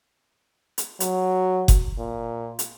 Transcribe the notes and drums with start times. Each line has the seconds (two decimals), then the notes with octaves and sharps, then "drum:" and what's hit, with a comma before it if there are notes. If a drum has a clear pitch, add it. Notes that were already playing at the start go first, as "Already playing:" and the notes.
0.78 drum: hi-hat
1.00 F#3, drum: hi-hat
1.68 drum: kick F#1, hi-hat
1.98 A#2
2.59 drum: hi-hat